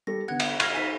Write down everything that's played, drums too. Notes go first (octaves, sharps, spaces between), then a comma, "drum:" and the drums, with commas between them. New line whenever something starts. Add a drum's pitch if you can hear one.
G3 A4 A#6
D3 B3 F#5 F#6 G#6
drum: cymbal
F6 G#6 A#6, drum: cymbal
D#4 C5 G#5 B6